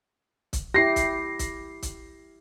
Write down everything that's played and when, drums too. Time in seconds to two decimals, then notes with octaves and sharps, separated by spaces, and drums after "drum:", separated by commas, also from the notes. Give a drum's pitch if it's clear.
0.53 drum: kick, hi-hat
0.74 E4 G4 A#6 C7
0.96 drum: kick, hi-hat
1.39 drum: kick, hi-hat
1.82 drum: kick, hi-hat